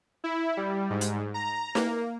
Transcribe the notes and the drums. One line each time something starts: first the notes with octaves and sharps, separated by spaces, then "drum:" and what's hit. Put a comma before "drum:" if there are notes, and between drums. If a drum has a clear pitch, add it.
E4
G3
G#2
drum: hi-hat
A#5
A#3, drum: snare